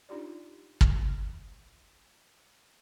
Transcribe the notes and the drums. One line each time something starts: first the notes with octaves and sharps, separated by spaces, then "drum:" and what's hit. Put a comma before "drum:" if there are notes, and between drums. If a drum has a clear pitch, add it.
D4 D#4 F4 G4 D5
drum: kick